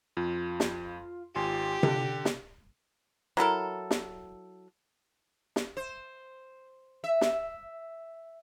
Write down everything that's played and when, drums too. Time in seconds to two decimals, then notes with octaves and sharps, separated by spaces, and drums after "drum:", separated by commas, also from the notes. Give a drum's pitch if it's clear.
0.17 F2 F4
0.60 drum: snare
1.36 G#1 F4 G4 G#5 C6
1.83 D3 D4, drum: tom C3
2.25 drum: snare
3.37 F#3 E4 A4 A#4
3.91 drum: snare
5.56 drum: snare
5.77 C5
7.04 E5
7.21 drum: snare